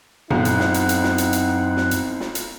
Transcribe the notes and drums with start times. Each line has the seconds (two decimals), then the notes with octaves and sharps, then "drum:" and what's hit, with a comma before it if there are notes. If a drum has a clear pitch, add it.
0.30 B1 F#2 C4 D#4 E4 F#5, drum: tom A#2
0.45 drum: hi-hat
0.60 drum: snare
0.74 drum: hi-hat
0.89 drum: hi-hat
1.04 drum: snare
1.18 drum: hi-hat
1.33 drum: hi-hat
1.77 drum: snare
1.91 drum: hi-hat
2.20 drum: snare
2.35 drum: hi-hat